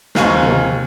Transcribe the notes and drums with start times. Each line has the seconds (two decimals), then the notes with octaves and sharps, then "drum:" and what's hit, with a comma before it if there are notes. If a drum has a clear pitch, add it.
0.15 D#2 C4 F5 G#5 C#6, drum: snare
0.43 drum: tom C3